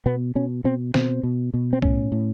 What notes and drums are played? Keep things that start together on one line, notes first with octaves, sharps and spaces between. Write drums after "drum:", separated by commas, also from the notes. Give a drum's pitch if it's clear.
B2 B3
B2 C#4
B2 C4
B2 C4, drum: snare
B2
B2
C4
A2 C#4, drum: kick B1
A2